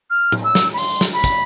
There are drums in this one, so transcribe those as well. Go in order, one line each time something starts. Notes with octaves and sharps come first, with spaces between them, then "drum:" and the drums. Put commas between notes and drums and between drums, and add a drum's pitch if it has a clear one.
F6
drum: tom A2
E6
drum: snare
B5
C6, drum: open hi-hat
drum: snare
B5
drum: kick, hi-hat